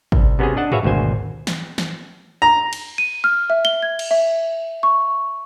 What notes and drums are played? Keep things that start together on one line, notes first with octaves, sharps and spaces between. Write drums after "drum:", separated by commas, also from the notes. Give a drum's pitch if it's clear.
C2, drum: kick G#1
C3 B3 C#4 F#4 G#4
D4 D#5 F#5 A5
F#4 G#4 B4 C#5 E5 F5, drum: tom G2
G#1 D2 B2 C5 G#5
drum: snare
drum: snare
A#5
drum: cymbal
D#7
F6
E5
G7
G#6
drum: cymbal
E5
C#6